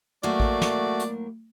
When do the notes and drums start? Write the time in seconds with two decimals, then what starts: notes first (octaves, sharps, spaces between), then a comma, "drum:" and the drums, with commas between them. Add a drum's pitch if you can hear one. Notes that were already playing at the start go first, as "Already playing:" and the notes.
0.23 A2 F#3 A3 A#3 F#4 D5
0.40 drum: kick A1
0.61 drum: snare
0.99 drum: hi-hat